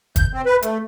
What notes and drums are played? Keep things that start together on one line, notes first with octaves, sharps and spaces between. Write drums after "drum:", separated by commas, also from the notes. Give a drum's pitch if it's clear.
G6, drum: kick, hi-hat
C4
B4
A3, drum: hi-hat